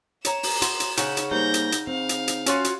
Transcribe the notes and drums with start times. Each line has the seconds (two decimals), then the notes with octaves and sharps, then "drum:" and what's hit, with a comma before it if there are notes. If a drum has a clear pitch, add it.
0.25 C#5 A#5 E7, drum: hi-hat
0.43 drum: open hi-hat
0.62 F#4 C6, drum: hi-hat
0.80 drum: hi-hat
0.97 C#3 D#4 F#5, drum: hi-hat
1.17 drum: hi-hat
1.31 G3 A#3 D#4 C5 G6 A#6
1.54 drum: hi-hat
1.72 drum: hi-hat
1.87 C4 F5
2.09 drum: hi-hat
2.28 drum: hi-hat
2.46 C#4 F4 F#4 C#5, drum: hi-hat
2.64 drum: hi-hat